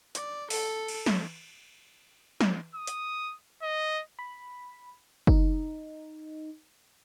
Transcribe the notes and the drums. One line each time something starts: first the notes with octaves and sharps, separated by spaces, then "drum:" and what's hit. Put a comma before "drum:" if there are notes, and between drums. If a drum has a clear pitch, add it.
D5, drum: hi-hat
A4, drum: open hi-hat
drum: cymbal
drum: snare
drum: snare
D#6
drum: hi-hat
D#5
B5
D#4, drum: kick F#1